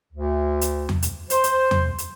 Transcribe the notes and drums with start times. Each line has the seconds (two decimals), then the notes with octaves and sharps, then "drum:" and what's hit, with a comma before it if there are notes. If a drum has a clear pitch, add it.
0.13 D2
0.61 drum: hi-hat
0.89 drum: tom E2
1.02 drum: hi-hat
1.30 C5, drum: hi-hat
1.44 drum: hi-hat
1.71 drum: tom E2
1.98 drum: hi-hat